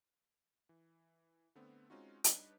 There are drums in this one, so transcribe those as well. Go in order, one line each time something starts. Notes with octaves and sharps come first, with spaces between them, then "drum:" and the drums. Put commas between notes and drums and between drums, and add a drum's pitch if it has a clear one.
E3
D3 A3 B3 C4
G#3 C4 C#4 D#4 F4 F#4
G3 D4 D#4 B4 C#5 D#5, drum: hi-hat